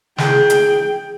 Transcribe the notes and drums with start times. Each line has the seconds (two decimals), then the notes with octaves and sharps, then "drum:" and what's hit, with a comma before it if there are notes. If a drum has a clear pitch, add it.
0.18 G#4 G5, drum: snare
0.50 drum: hi-hat